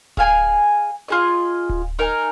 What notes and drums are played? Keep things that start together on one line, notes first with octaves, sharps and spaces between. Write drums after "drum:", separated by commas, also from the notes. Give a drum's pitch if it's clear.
G#4 F5 G#5, drum: kick D1
F4 G#4 D#5
drum: kick D1
D#4 A#4 G#5